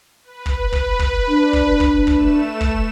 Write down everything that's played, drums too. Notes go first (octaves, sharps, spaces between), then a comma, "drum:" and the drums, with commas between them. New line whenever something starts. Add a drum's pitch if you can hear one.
B4
drum: kick
drum: kick
drum: kick
D4
drum: kick
drum: kick
A3 E7, drum: kick
drum: kick